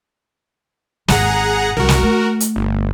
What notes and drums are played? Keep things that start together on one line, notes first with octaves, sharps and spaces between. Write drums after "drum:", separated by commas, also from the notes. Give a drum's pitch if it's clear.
G#1 D#2 G#4 F#5 A#5, drum: snare
C2 F#2 F#4 A#4
drum: snare
A3
drum: hi-hat
G1